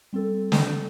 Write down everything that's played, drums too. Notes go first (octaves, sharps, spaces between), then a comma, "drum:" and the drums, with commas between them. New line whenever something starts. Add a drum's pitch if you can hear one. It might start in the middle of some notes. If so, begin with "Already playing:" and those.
G3 C4 A4
drum: snare